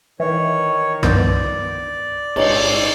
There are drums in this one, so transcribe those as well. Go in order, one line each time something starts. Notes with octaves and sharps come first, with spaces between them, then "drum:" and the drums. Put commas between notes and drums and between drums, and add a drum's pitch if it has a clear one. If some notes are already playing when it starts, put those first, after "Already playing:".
D#3 E3 C#5
C2 G2 D#3 F3 B3 D5 G6, drum: rim click
A1 G#2 D#4 C#5, drum: cymbal